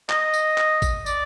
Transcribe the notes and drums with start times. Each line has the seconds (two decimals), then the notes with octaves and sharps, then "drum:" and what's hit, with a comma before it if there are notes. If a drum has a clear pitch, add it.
0.10 D#5, drum: clap
0.34 drum: tambourine
0.58 drum: clap
0.82 drum: kick, tambourine
1.06 D5, drum: tambourine